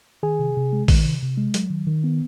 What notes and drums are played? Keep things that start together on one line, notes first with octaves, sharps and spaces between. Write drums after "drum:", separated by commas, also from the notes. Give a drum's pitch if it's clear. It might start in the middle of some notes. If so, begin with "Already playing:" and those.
D#3 G#4 G#5
C3
C3
G#3
D#3, drum: kick A1, open hi-hat
C3
C3
G#3
F#3, drum: hi-hat
D#3
D#3
B3